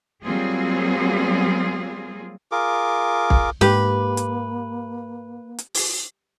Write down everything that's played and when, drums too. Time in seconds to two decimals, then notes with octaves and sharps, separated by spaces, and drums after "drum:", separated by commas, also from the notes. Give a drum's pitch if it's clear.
0.24 F#3 G3 A#3 C4 F4 G#4
2.52 F4 G#4 A#4 D6
3.30 drum: kick
3.61 G#2 A#3 G4 B4, drum: snare
4.17 drum: hi-hat
5.58 drum: hi-hat
5.74 drum: open hi-hat